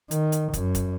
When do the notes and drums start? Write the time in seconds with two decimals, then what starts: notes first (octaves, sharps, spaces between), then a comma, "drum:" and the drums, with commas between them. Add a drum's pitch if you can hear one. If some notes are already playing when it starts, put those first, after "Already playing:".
0.11 D#3, drum: hi-hat
0.32 drum: hi-hat
0.53 F#2, drum: kick, hi-hat
0.75 drum: kick, hi-hat